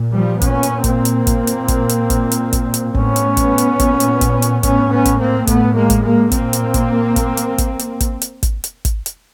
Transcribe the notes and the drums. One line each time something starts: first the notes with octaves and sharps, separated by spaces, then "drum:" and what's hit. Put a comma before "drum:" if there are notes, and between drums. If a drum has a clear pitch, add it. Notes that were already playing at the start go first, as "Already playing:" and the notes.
Already playing: A#2
F3 G3
A#2 B3 C#4, drum: kick, hi-hat
drum: hi-hat
A#3 C4, drum: kick, hi-hat
drum: hi-hat
A#2, drum: kick, hi-hat
drum: hi-hat
drum: kick, hi-hat
drum: hi-hat
A#2, drum: kick, hi-hat
drum: hi-hat
drum: kick, hi-hat
drum: hi-hat
A2 B3 C#4, drum: kick
drum: hi-hat
drum: kick, hi-hat
drum: hi-hat
A#2, drum: kick, hi-hat
drum: hi-hat
drum: kick, hi-hat
drum: hi-hat
A2 B3 C#4, drum: kick, hi-hat
B3 C#4
drum: kick, hi-hat
A#3 C4
A2 A3 B3, drum: kick, hi-hat
G#3 A#3
drum: kick, hi-hat
G#3 A#3
A#2 A#3 C4, drum: kick, hi-hat
drum: hi-hat
drum: kick, hi-hat
drum: kick, hi-hat
drum: hi-hat
drum: kick, hi-hat
drum: hi-hat
drum: kick, hi-hat
drum: hi-hat
drum: kick, hi-hat
drum: hi-hat
drum: kick, hi-hat
drum: hi-hat